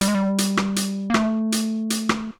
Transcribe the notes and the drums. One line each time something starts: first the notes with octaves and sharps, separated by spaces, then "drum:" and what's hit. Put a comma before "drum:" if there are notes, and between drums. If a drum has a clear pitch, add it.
G3, drum: hi-hat
G#3
G3
drum: hi-hat
drum: rim click
drum: hi-hat
A#3
A3, drum: rim click
drum: hi-hat
drum: hi-hat
drum: rim click